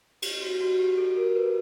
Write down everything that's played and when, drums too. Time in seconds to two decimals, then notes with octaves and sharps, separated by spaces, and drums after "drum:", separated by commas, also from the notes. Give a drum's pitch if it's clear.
0.22 G4, drum: cymbal
0.41 F#4
0.61 F#4
0.79 G4
0.98 A4
1.17 A#4
1.36 B4